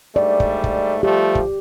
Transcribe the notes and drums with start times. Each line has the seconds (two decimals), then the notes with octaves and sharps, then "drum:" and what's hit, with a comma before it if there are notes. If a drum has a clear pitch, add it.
0.16 G#2 G3 A3 D5
0.40 drum: kick
0.64 drum: kick
1.03 F3 G3 A3 G4
1.35 drum: kick